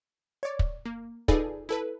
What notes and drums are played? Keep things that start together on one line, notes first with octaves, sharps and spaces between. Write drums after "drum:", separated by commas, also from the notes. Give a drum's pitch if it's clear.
C#5 D5
drum: kick
A#3
D#4 F4 G#4 A4 B4 D5, drum: kick
E4 A4 B4